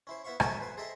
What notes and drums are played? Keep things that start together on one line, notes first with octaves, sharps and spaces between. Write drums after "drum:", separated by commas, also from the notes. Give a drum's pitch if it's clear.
C#4 E4 C5
B3 E4 E5 F5 C#6
F#4 A4 A#4 C#5 D#5 E5, drum: rim click
B4 C5 G#5
G#4 A4 C5 D#5 E5 G5